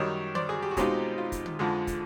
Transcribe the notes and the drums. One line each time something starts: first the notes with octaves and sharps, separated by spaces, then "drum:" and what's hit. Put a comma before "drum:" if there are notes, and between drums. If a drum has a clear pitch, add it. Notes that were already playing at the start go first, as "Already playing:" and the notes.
Already playing: F#2 D#3 G3 C#5 D#5
C5 D5, drum: tom
F#4 G#4
G4
F#4
B2 G#3 C4 D#4 F4 G4, drum: kick, hi-hat
F4
drum: kick, hi-hat
drum: tom
F2 D3 F3 G#3
drum: kick, hi-hat